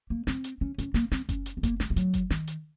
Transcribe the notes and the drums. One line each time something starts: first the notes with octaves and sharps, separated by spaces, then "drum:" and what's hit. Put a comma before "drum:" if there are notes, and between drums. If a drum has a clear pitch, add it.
A#3
C4, drum: snare
drum: hi-hat
C#4
C#4, drum: hi-hat
A#3, drum: snare
C4, drum: snare
C#4, drum: kick F#1, hi-hat
drum: hi-hat
C4
A#3, drum: kick F#1, hi-hat
G#3, drum: snare
G#3
F#3, drum: hi-hat
drum: kick F#1, hi-hat
D#3, drum: snare
drum: hi-hat